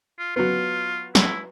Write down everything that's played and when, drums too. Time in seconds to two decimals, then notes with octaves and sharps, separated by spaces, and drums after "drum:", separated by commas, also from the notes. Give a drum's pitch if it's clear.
0.19 F4
0.36 F#3 B3 F4
1.15 E4, drum: snare